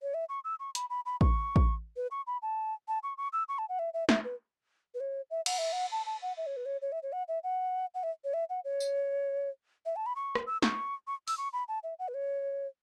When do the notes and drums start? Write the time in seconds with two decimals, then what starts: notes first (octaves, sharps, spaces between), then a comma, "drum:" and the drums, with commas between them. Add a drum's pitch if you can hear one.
0.02 C#5
0.14 E5
0.29 C#6
0.45 E6
0.60 C#6
0.75 B5, drum: hi-hat
0.90 B5
1.06 B5
1.21 C#6, drum: kick
1.56 drum: kick
1.97 B4
2.11 C#6
2.27 B5
2.42 A5
2.88 A5
3.03 C#6
3.18 C#6
3.33 E6
3.49 C#6
3.58 A5
3.69 F#5
3.79 E5
3.94 E5
4.09 E5, drum: snare
4.24 B4
4.95 B4
5.00 C#5
5.31 E5
5.46 F#5, drum: cymbal
5.58 E5
5.73 F#5
5.92 A5
6.06 A5
6.22 F#5
6.37 E5
6.46 C#5
6.57 B4
6.66 C#5
6.82 C#5
6.92 E5
7.03 C#5
7.13 F#5
7.28 E5
7.44 F#5
7.94 F#5
8.03 E5
8.24 C#5
8.34 E5
8.50 F#5
8.65 C#5
8.80 drum: tambourine
9.86 E5
9.96 A5
10.06 B5
10.16 C#6
10.35 drum: rim click
10.47 E6
10.62 C#6, drum: snare
11.07 C#6
11.28 E6, drum: open hi-hat
11.38 C#6
11.53 B5
11.68 A5
11.83 E5
11.99 F#5
12.08 B4
12.14 C#5